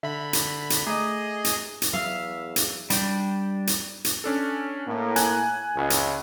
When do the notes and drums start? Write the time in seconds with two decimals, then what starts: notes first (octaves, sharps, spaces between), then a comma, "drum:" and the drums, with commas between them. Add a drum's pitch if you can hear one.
0.03 D3 E5 B5
0.33 drum: hi-hat
0.70 drum: hi-hat
0.86 A3 G#4 D#5 A#6
1.45 drum: hi-hat
1.82 drum: hi-hat
1.93 E2 F#3 E5 F5
2.56 drum: hi-hat
2.90 G3 D4 G5, drum: hi-hat
3.67 drum: hi-hat
4.05 drum: hi-hat
4.24 C#4 D4 A4
4.86 A2 A#3
5.16 G#5 F#6, drum: hi-hat
5.75 C#2
5.90 drum: hi-hat